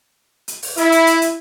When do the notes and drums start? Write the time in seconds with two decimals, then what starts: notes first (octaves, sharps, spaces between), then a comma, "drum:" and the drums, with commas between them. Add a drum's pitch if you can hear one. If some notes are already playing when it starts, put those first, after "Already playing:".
0.48 drum: hi-hat
0.63 drum: open hi-hat
0.77 E4, drum: hi-hat
0.92 drum: hi-hat
1.07 drum: hi-hat
1.22 drum: hi-hat